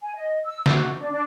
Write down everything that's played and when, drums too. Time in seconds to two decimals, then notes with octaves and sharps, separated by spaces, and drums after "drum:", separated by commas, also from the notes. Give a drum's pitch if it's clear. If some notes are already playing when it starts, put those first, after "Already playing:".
0.01 G#5
0.15 D#5
0.45 E6
0.66 F#4, drum: snare
0.98 D4
1.11 D4